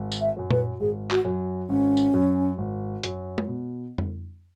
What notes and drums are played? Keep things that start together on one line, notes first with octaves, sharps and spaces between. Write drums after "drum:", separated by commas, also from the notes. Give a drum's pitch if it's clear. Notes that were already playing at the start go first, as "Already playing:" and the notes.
Already playing: G#1
drum: tambourine
E5
F#2 F#3
B4, drum: tom A#2
G#1 G#4
F#4, drum: clap
F#2 F#3
G#1 C#4
drum: tambourine
F#2 F#3
G#1
F#2 F#3, drum: hi-hat
drum: tom G#3
B2
drum: tom F2